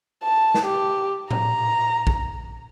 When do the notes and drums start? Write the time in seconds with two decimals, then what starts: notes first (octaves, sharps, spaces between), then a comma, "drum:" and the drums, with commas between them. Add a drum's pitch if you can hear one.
0.23 A5
0.54 drum: snare
0.66 G4
1.31 A#5, drum: tom A2
2.07 drum: kick A#1